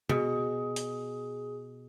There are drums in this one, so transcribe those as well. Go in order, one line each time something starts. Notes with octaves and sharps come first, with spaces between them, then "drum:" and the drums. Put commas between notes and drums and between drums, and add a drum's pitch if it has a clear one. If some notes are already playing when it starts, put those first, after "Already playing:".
B2 G#4, drum: tom
drum: hi-hat